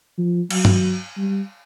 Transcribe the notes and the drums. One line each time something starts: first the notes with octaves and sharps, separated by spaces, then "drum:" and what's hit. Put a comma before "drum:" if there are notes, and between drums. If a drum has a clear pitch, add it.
F3
F#3, drum: cymbal
drum: tom G2
G3